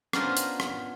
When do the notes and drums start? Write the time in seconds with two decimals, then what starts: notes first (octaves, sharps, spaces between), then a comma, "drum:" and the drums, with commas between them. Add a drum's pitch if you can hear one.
0.13 B3 C#4 D4 F4 A#4 C5, drum: rim click
0.37 drum: hi-hat
0.60 drum: rim click